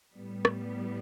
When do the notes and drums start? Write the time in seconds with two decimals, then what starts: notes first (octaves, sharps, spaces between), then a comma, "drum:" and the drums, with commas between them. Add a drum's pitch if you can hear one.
0.16 A2 G3 B3
0.45 drum: rim click